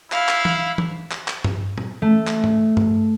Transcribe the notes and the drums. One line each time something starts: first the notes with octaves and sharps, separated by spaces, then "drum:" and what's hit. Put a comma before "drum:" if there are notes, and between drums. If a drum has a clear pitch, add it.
E4 F5, drum: clap
drum: clap
drum: tom
drum: tom
drum: clap
drum: clap
drum: tom G2
drum: tom A#2
A3
drum: clap
drum: tom G#2
drum: tom G2